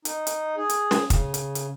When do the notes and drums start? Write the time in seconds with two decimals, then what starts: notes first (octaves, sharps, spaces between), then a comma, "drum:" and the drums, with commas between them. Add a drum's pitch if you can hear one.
0.05 D#4, drum: hi-hat
0.27 drum: hi-hat
0.56 G#4
0.69 drum: hi-hat
0.91 drum: snare
1.10 C#3, drum: kick, hi-hat
1.34 drum: hi-hat
1.55 drum: hi-hat